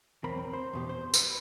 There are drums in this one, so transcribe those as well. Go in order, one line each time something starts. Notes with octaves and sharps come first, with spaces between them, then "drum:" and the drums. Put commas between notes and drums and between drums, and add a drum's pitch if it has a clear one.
B1 E2 C4 A#4 B5
C4
C5
E2 B2 G4
C5
B4, drum: tambourine